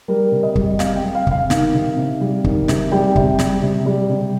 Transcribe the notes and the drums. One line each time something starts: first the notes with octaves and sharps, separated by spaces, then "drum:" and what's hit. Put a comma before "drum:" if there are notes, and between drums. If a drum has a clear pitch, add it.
G3 A#4
C3
D#5
G3, drum: kick
C3 F5, drum: snare
G5
G3
F5
C3 F5, drum: kick
D#3 F5, drum: snare
C3
C3
G3
D#3, drum: kick
C3, drum: snare
G3 G5
C3, drum: kick
G3, drum: snare
C3
G3
C3